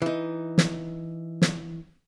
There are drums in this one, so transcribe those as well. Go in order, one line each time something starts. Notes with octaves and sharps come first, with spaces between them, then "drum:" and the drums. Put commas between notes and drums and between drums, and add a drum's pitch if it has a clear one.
E3 D#4
drum: snare
drum: snare